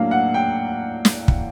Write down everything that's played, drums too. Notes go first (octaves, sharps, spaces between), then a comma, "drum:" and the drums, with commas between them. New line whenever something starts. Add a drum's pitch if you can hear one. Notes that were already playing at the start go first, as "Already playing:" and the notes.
Already playing: A2 F#3 A#3 D4 F5
F#5
G5
drum: snare
drum: kick